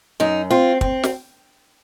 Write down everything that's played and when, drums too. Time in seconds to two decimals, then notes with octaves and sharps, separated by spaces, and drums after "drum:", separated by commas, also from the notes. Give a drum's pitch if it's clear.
0.20 F#2 D#4
0.51 C4 F4
0.81 C4, drum: kick
1.03 drum: snare